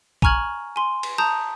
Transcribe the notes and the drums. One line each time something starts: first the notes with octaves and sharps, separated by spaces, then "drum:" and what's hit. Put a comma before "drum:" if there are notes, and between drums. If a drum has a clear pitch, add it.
G#5 A#5 C#6 F6 G#6 F#7, drum: kick
G#5 C6
drum: cymbal
A5 A#5 D#6 G6